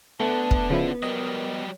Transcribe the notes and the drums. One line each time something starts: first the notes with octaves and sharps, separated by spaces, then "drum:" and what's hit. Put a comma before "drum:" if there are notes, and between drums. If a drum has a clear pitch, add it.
D3 A3 B3 D4 A5
drum: kick
C#3 F3 E4
F#3 G3 A#4 D#5